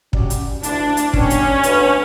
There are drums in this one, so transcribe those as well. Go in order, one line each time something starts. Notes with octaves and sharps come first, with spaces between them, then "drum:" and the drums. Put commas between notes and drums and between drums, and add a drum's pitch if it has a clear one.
F#3 C#4 G4 D5, drum: kick
drum: hi-hat
D2 D3 A3 D4 E4, drum: hi-hat
drum: hi-hat
G3 B3 C#4 D4, drum: kick
drum: hi-hat
D3 A3 D4 F#4 B4, drum: hi-hat